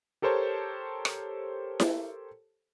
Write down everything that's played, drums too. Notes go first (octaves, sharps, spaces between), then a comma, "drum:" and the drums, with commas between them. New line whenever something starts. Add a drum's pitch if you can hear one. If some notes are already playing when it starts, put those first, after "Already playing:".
G4 A4 A#4 C5 C#5 A5
drum: rim click
drum: snare E4